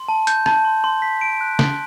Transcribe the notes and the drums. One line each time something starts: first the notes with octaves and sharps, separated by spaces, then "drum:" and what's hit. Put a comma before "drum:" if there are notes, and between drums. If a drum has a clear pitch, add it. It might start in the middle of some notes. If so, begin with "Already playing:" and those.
Already playing: C6
A5
G6, drum: hi-hat
A5, drum: rim click
C6
C6
B6
D7
F#6
C6, drum: snare